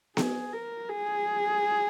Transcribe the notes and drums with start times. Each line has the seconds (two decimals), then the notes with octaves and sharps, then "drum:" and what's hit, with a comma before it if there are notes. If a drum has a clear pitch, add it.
0.17 G#4, drum: snare B3
0.53 A#4
0.89 G#4